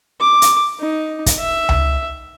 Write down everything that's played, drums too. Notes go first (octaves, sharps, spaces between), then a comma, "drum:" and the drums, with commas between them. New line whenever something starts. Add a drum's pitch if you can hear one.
D6
drum: hi-hat
D#4
drum: kick, hi-hat
E5
drum: tom C#2